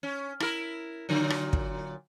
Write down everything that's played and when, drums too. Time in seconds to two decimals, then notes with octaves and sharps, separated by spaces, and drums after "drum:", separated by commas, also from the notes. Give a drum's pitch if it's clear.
0.03 C#4
0.40 E4 A#4, drum: rim click
1.09 A#2 D3 F#3
1.30 drum: rim click
1.53 drum: kick